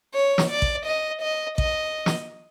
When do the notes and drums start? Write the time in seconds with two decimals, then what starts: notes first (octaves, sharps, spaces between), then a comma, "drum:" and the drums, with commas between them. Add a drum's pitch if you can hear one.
0.14 C#5
0.38 drum: snare
0.50 D5
0.62 drum: kick A1
0.86 D#5
1.22 D#5
1.58 D#5, drum: kick A1
2.06 drum: snare